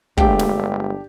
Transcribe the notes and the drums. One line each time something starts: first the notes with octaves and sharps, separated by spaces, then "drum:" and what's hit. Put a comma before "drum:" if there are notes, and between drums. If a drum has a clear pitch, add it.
G1 G#3 A3 D4 G4 F5 G5, drum: kick
drum: snare